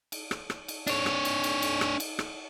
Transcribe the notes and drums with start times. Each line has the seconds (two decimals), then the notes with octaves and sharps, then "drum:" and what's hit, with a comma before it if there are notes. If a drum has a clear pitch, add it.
0.12 drum: cymbal
0.31 drum: rim click
0.50 drum: rim click
0.68 drum: cymbal
0.87 D4 C#5, drum: cymbal
1.06 drum: rim click
1.25 drum: cymbal
1.44 drum: cymbal
1.62 drum: cymbal
1.81 drum: rim click
2.00 drum: cymbal
2.19 drum: rim click